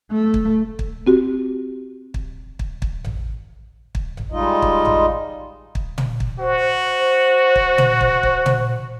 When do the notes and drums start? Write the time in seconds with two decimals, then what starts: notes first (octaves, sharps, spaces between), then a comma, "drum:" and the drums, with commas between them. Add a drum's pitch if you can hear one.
0.11 A3
0.34 drum: kick
0.79 drum: kick
1.07 C4 F#4 G4
2.14 drum: kick
2.59 drum: kick
2.82 drum: kick
3.04 drum: tom A1
3.95 drum: kick
4.17 drum: tom A1
4.32 G3 G#3 D#4 F4 D#5
4.62 drum: kick
4.85 drum: tom A1
5.75 drum: kick
5.98 drum: tom
6.20 drum: kick
6.39 F#4 C5
7.56 drum: kick
7.78 drum: tom
8.01 drum: kick
8.23 drum: kick
8.46 drum: tom